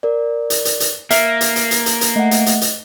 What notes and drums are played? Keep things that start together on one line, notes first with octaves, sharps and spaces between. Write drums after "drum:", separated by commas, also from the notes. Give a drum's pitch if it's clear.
A#4 D5
drum: hi-hat
drum: hi-hat
drum: hi-hat
A#3 E5 F6, drum: hi-hat
drum: hi-hat
drum: hi-hat
drum: hi-hat
drum: hi-hat
drum: hi-hat
A3 D#5 F#5
drum: hi-hat
drum: hi-hat
drum: hi-hat